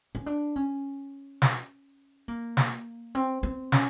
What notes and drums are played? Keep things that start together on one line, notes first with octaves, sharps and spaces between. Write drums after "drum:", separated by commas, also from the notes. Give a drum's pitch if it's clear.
C#4
D4
C#4
drum: snare
A#3
drum: snare
C4
C4
C#4, drum: snare